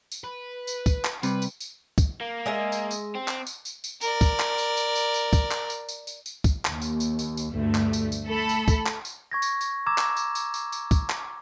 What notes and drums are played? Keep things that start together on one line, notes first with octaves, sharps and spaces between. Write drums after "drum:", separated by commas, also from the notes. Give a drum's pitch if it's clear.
drum: tambourine
B4
drum: tambourine
drum: kick, tambourine
drum: clap
C3 G3 B4, drum: tambourine
drum: tambourine
drum: tambourine
drum: kick, tambourine
A#3
G#3 D#5 E5
drum: tambourine
drum: tambourine
C4
drum: clap
drum: tambourine
drum: tambourine
drum: tambourine
A#4 D5, drum: tambourine
drum: kick, tambourine
drum: clap
drum: tambourine
drum: tambourine
drum: tambourine
drum: tambourine
drum: kick, tambourine
drum: clap
drum: tambourine
drum: tambourine
drum: tambourine
drum: tambourine
drum: kick, tambourine
D#2, drum: clap
drum: tambourine
drum: tambourine
drum: tambourine
drum: tambourine
D2 G2 A3
drum: clap
drum: tambourine
drum: tambourine
A3 A4 B5
drum: tambourine
drum: kick, tambourine
drum: clap
drum: tambourine
C#6 G#6 A#6
drum: tambourine
drum: tambourine
A#5 D6 E6 G#6 E7
drum: clap
drum: tambourine
drum: tambourine
drum: tambourine
drum: tambourine
drum: kick, tambourine
drum: clap